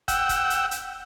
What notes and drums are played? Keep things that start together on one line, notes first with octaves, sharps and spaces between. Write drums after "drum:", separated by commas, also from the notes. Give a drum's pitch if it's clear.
F#5 G5 E6, drum: kick, hi-hat
drum: kick, hi-hat
drum: hi-hat
drum: hi-hat